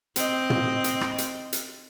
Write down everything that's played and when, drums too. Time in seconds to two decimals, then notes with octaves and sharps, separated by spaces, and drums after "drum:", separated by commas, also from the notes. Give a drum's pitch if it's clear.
0.16 C4 D#5, drum: hi-hat
0.50 drum: tom
0.84 drum: hi-hat
1.01 drum: rim click
1.18 drum: hi-hat
1.53 drum: hi-hat